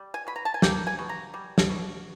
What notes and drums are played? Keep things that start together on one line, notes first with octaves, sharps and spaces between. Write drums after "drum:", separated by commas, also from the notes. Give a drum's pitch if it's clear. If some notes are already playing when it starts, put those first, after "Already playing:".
Already playing: G3
G#5
B2 B5
A#5
A5
G#5
A#3 G5, drum: snare
G#5
B2
A#5
G3
drum: snare
B2